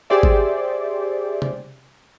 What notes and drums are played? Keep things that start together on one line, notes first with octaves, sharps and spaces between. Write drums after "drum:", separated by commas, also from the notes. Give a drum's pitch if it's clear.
G4 G#4 C5 D5 E5
drum: kick G#1
drum: tom C3